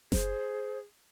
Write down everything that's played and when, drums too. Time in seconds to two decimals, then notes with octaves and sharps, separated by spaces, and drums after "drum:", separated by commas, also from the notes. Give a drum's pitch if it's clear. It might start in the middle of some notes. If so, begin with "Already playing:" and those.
0.12 G#4 C5, drum: snare F#1